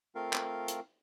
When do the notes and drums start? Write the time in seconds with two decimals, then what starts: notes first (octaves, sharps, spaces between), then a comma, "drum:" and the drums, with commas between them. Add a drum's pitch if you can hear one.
0.15 A3 C4 F4 A#4 F5
0.33 drum: clap
0.68 drum: hi-hat